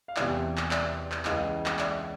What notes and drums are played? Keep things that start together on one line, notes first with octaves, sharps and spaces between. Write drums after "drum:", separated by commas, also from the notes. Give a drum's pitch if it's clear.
F5
E2 C3 E3 D5 E5, drum: clap
drum: clap
D5 E5, drum: clap
drum: clap
C#2 C#3 E3 D#5 F5, drum: clap
drum: clap
D5 E5, drum: clap